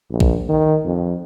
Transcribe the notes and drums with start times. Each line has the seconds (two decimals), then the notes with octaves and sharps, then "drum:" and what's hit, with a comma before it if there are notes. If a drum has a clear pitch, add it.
0.10 A#1
0.20 drum: kick A#1
0.49 D#3
0.85 F2